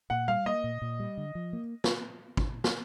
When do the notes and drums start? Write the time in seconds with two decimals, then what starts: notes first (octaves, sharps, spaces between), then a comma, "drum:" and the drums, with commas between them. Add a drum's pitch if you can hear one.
0.10 A#2 F#5
0.28 G3 F5
0.46 A#3 D#5
0.64 A#2
0.82 A#2
1.00 G3
1.17 D3
1.35 F3
1.53 A#3
1.84 drum: snare
2.37 drum: kick
2.64 drum: snare